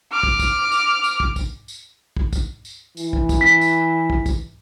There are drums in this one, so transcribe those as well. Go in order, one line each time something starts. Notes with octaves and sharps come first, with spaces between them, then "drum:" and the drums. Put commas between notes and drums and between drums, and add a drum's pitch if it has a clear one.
D6 F6
drum: kick
drum: kick, tambourine
drum: tambourine
drum: tambourine
drum: kick
drum: kick, tambourine
drum: tambourine
drum: kick
drum: kick, tambourine
drum: tambourine
E3, drum: tambourine
drum: kick
drum: kick, tambourine
B6
drum: tambourine
drum: kick
drum: kick, tambourine